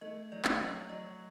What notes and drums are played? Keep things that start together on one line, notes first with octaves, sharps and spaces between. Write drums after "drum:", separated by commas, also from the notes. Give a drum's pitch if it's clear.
A3 D#5
F#3 D5
drum: clap
F#3 D#5
F#3 D#5